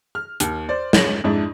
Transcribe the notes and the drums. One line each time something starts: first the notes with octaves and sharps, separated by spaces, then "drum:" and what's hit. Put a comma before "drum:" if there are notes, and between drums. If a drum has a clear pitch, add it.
F6
D#2, drum: hi-hat
C5 D5
C#4 G#4 A#6 F#7, drum: snare
F2 G#2 D4 E4